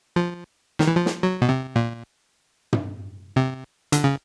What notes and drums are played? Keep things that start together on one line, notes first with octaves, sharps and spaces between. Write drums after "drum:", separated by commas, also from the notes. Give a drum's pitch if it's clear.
F3
D#3, drum: snare
E3
F3
drum: snare
F#3
B2
C3
A#2
drum: tom
C3
D3, drum: hi-hat
C#3